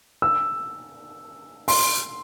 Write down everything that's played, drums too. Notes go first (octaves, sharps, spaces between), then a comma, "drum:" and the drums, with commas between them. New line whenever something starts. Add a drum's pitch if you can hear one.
E6
C6, drum: open hi-hat